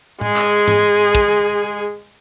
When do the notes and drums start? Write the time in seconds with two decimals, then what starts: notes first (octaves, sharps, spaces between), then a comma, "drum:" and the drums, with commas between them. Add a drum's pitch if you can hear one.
0.21 G#3 G#4, drum: tom A2
0.36 drum: clap
0.68 drum: tom G#2
1.15 drum: kick